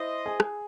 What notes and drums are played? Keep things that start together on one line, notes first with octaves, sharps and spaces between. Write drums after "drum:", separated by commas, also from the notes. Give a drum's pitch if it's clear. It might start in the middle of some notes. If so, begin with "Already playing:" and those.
Already playing: E4 C5 D#5
G#4
drum: rim click